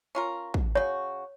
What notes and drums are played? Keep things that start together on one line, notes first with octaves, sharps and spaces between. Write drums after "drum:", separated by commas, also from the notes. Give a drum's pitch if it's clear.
C#4 F4 A#4
drum: kick
C#3 F#4 C#5